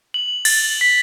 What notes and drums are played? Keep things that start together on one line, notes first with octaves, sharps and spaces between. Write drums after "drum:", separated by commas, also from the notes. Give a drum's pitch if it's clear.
F#7
A6, drum: cymbal
B6